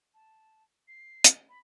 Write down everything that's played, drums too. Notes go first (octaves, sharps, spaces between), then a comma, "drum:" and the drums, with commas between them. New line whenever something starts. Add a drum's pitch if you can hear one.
A5
C7
drum: hi-hat
B5